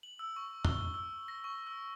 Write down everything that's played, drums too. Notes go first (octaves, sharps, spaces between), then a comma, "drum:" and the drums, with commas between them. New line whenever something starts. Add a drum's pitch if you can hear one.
F#7
E6
C#6
G7, drum: tom
E6
A#6
C#6
E6